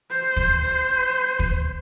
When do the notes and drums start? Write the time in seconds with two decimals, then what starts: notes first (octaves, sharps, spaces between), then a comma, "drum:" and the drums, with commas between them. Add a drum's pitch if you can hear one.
0.11 C5
0.36 drum: kick
0.62 C5
1.39 drum: kick